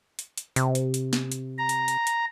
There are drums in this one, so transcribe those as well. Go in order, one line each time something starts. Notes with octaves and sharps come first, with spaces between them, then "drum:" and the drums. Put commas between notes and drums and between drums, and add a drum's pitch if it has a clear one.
drum: hi-hat
drum: hi-hat
C3, drum: hi-hat
drum: hi-hat
drum: hi-hat
drum: snare
drum: hi-hat
A#5
drum: hi-hat
drum: hi-hat
drum: hi-hat